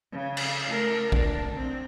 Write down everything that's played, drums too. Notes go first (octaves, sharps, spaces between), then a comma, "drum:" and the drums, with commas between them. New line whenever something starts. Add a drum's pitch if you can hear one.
C#3
drum: cymbal
A3 A#4
D4, drum: kick
C4